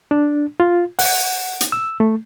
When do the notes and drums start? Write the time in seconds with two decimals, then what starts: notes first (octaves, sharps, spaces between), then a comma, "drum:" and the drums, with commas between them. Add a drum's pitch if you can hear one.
0.11 D4
0.60 F4
0.99 F#5, drum: open hi-hat
1.61 drum: hi-hat
1.72 E6
2.00 A3